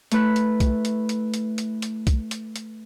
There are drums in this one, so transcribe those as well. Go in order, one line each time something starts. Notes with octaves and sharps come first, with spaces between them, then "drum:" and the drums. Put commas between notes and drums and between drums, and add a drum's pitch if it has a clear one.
A3 E4 B4, drum: hi-hat
drum: hi-hat
drum: kick B1, hi-hat
drum: hi-hat
drum: hi-hat
drum: hi-hat
drum: hi-hat
drum: hi-hat
drum: kick B1, hi-hat
drum: hi-hat
drum: hi-hat